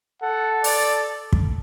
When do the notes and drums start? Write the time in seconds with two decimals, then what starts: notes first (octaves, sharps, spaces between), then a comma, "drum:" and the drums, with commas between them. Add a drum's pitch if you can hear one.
0.22 A4 F#5
0.64 D5, drum: open hi-hat
1.33 drum: kick